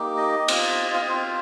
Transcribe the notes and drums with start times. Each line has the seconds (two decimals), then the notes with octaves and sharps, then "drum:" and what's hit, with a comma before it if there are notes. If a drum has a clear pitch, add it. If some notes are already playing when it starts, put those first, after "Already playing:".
Already playing: A#3 D#4 G4
0.17 D#5
0.48 C4 F4, drum: cymbal
0.94 F5
1.02 D#5
1.08 C4 F4 C5